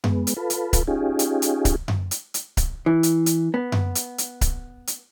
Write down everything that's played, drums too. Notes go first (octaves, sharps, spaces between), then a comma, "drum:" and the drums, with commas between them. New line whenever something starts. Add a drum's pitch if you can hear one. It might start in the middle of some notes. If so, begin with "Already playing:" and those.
G#3 B3, drum: tom F#2
drum: hi-hat
F4 A4 B4
drum: hi-hat
drum: kick C#1, hi-hat
C#4 D#4 F4 G4 G#4
drum: hi-hat
drum: hi-hat
drum: kick C#1, hi-hat
drum: tom F#2
drum: hi-hat
drum: hi-hat
drum: kick C#1, hi-hat
E3
drum: hi-hat
drum: hi-hat
B3
drum: tom F#2
drum: hi-hat
drum: hi-hat
drum: kick C#1, hi-hat
drum: hi-hat